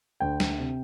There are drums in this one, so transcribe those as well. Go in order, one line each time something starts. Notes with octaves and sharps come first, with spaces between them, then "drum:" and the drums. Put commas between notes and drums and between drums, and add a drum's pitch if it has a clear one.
D2 G5
D2, drum: snare
C3